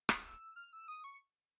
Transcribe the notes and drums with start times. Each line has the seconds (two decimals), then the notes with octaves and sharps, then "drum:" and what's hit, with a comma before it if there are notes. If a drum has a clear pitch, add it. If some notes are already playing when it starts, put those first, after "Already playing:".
0.09 D#6, drum: rim click
0.25 E6
0.56 F6
0.73 E6
0.88 D#6
1.04 C#6